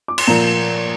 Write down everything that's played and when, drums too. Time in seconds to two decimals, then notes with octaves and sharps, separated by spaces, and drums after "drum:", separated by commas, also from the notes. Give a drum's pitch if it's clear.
0.08 D6
0.18 C6, drum: cymbal
0.27 A#2 F3 A#3 A#5